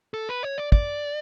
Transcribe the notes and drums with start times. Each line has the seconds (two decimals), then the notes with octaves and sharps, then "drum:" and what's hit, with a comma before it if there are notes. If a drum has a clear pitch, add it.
0.14 A4
0.29 B4
0.43 C#5
0.58 D5
0.72 D5, drum: kick